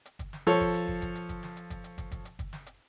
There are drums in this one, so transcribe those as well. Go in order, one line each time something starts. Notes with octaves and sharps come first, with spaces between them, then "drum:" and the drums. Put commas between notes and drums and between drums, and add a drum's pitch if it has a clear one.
drum: hi-hat
drum: kick, hi-hat
drum: snare
F3 A4 C#5, drum: hi-hat
drum: kick, hi-hat
drum: hi-hat
drum: kick
drum: kick, hi-hat
drum: hi-hat
drum: kick, hi-hat
drum: snare
drum: hi-hat
drum: kick, hi-hat
drum: hi-hat
drum: kick, hi-hat
drum: kick, hi-hat
drum: hi-hat
drum: kick, hi-hat
drum: snare
drum: hi-hat